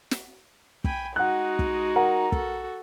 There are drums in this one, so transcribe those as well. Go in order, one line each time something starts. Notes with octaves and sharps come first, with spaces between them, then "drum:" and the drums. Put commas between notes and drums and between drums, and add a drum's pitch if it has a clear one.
drum: snare
G5 G#5 B5, drum: kick
G#3 D#4 F#4 F#5 F#6
drum: kick
A#4 F#5 A#5
F#4 A4, drum: kick